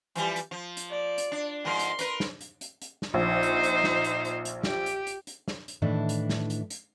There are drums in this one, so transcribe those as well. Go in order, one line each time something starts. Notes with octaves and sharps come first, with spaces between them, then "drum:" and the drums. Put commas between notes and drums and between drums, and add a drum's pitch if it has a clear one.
E3 F3 G3, drum: hi-hat
drum: hi-hat
F3
drum: hi-hat
D5
drum: hi-hat
D4
G#2 F3 A#4 C6
drum: hi-hat
A#4 B4, drum: hi-hat
drum: snare
drum: hi-hat
drum: hi-hat
drum: hi-hat
drum: snare
A#1 D#4 C5
drum: hi-hat
drum: hi-hat
drum: snare
drum: hi-hat
drum: hi-hat
drum: hi-hat
G4, drum: snare
drum: hi-hat
drum: hi-hat
drum: hi-hat
drum: snare
drum: hi-hat
A2 D#3 E3 D4 E4
drum: hi-hat
drum: snare
drum: hi-hat
drum: hi-hat